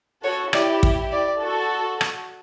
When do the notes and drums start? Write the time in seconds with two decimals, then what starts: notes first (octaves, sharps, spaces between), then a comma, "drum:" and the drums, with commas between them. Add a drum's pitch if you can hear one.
0.24 F#4 A4 C#5
0.53 E4 G4 D5, drum: rim click
0.83 drum: kick
1.12 D5
1.41 F#4 A4
2.01 drum: rim click